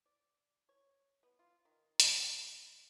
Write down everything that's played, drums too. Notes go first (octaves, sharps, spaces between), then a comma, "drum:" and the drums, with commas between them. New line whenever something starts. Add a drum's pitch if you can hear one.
D5
C#5
B3
F4
D#3
drum: hi-hat